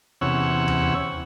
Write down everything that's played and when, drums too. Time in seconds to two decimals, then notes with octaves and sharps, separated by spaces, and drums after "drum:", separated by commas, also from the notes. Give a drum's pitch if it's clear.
0.21 E2 C3 C#4 C#5 F#5 E6
0.68 drum: tom D#2